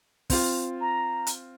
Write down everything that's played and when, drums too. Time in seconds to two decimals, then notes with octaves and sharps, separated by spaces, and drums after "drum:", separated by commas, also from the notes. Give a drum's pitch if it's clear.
0.30 C4 F4, drum: kick, open hi-hat
0.81 A#5
1.27 drum: hi-hat